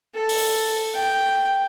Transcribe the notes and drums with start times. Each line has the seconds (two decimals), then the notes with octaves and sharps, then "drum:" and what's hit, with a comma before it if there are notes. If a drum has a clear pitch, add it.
0.15 A4
0.29 drum: open hi-hat
0.94 G5